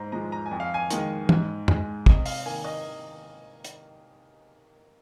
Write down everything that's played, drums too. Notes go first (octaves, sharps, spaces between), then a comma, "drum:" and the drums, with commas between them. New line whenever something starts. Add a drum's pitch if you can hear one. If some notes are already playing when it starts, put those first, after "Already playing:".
Already playing: G#2 C5 A#5
F3 G#3 A#5
A#5
G#5
F2
F5
G#5
D#3 G#3, drum: hi-hat
G#2, drum: tom E3
G#3, drum: tom F#2
C3 D#5, drum: kick
F5, drum: open hi-hat
D#3 A#3 G#5
D#5
drum: hi-hat